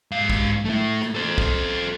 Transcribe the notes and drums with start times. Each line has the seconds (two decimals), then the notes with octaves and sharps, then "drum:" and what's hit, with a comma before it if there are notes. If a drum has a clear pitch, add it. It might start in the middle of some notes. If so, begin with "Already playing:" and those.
0.12 G#2 F5
0.30 drum: kick
0.65 A3 E4
1.02 drum: rim click
1.15 A4 C5
1.38 drum: kick